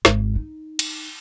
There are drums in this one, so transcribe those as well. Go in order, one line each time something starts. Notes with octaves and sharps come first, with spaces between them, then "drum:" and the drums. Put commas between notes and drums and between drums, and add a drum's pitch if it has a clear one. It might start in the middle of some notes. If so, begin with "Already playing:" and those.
G#1, drum: snare
D#4
drum: cymbal